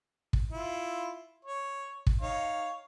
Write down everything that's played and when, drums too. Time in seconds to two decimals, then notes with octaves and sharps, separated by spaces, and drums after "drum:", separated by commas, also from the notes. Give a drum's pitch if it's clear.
0.33 drum: kick
0.51 E4 F4
1.45 C#5
2.07 drum: kick
2.21 D#4 C#5 F5